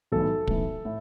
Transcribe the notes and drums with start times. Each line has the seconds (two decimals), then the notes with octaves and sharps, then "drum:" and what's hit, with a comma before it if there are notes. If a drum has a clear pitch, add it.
0.12 B1 A2 E3 A4
0.47 B1 A2 E3, drum: kick
0.85 A2